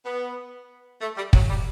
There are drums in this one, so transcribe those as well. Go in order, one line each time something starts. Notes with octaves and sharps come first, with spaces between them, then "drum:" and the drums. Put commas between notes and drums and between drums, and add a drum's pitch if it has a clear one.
B3
A3
G3
F#3, drum: kick
G3